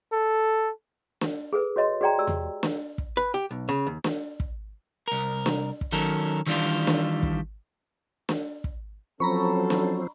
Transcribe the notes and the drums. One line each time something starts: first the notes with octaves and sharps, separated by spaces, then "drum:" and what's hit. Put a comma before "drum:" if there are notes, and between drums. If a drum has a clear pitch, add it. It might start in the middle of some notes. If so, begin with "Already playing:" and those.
A4
drum: snare
G#4 A4 B4
F#4 C#5 D#5 C6
F#4 G#4 D5 G5 A#5
G4 D5 E6
drum: tom E2
drum: snare
drum: kick
B4
G4
B1
C#3
D#2
drum: snare
drum: kick
C2 A#4
drum: snare
drum: kick
D#3 F#3 C#4 A4 A#4
D#3 E3 G3 B3 D4 F4
drum: snare
drum: kick
drum: snare
drum: kick
F3 F#3 C4 C#4 A4 A#5 B5 C#6
drum: snare